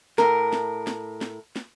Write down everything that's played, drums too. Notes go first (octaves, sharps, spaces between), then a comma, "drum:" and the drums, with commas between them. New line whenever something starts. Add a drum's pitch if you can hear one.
A2 A#4, drum: snare
drum: snare
drum: snare
drum: snare
drum: snare